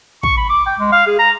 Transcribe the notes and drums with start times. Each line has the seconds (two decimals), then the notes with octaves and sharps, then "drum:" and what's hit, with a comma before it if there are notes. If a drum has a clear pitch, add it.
0.23 C#6, drum: kick
0.38 B5
0.49 D6
0.66 G5
0.79 G#3
0.92 F5
1.07 G#4
1.19 A#5